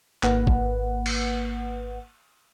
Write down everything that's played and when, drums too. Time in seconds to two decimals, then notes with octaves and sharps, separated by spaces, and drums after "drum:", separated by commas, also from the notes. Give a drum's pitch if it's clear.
0.23 G#1 A#3 B4 F#5, drum: clap
0.47 drum: kick
1.06 drum: cymbal